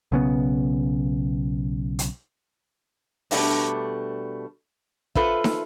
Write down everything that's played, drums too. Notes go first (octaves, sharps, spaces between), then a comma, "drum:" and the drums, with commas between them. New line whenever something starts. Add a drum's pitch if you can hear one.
B1 C#3 B3
drum: hi-hat
B2 G3 A3 D4, drum: open hi-hat
F4 A4 B4 C5 E5, drum: kick
drum: snare